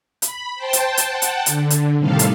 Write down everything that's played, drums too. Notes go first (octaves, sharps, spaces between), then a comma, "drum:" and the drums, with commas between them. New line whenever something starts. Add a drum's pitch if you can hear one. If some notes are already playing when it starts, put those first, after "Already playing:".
B5, drum: hi-hat
C5 G5 A5
drum: hi-hat
drum: hi-hat
F#5 G5 A5
drum: hi-hat
D3, drum: hi-hat
drum: hi-hat
A2 C3 D#3 G3 A4 F5
drum: hi-hat